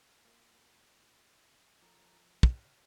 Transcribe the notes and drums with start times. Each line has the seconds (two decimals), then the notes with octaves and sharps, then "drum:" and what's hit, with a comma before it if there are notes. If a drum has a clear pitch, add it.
0.25 A#2 A#3
1.82 F3 A4 A#5
2.43 F#4 F5 G5, drum: kick